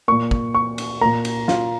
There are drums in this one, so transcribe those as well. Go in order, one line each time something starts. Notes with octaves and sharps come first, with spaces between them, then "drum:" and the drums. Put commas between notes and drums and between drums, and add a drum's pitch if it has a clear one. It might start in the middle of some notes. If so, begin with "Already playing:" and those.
A#2 A#3 C#6
drum: kick
C#6
drum: cymbal
A#2 A#3 A#5
drum: cymbal
F4, drum: snare